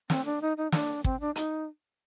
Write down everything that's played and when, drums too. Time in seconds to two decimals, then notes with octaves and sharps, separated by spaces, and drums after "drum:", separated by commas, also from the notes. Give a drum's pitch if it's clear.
0.10 C4, drum: snare
0.25 D4
0.41 D#4
0.57 D#4
0.72 D4, drum: snare
1.04 C4, drum: kick
1.20 D4
1.36 D#4, drum: hi-hat